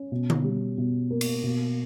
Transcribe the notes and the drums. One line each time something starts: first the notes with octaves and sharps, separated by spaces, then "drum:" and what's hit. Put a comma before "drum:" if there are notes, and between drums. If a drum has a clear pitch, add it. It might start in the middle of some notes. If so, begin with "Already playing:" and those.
Already playing: C#4
B2
drum: tom D3
G3
B2
A#3
drum: cymbal
B2